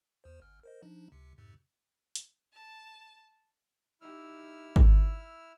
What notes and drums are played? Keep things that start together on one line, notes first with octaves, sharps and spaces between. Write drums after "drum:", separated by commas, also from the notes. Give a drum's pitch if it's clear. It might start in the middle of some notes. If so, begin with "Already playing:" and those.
E2 C5
G1 F6
A#4 C5 D#5
F3 D4 D#4
C#2 C3
F2 G#2 C3
drum: hi-hat
A5
D#4 E4 G4 E6 F6
drum: kick